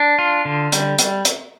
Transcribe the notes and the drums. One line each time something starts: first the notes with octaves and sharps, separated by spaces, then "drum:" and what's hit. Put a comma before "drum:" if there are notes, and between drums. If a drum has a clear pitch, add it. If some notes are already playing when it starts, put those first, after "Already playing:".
Already playing: D4
F4
D3
G3, drum: hi-hat
drum: hi-hat
drum: hi-hat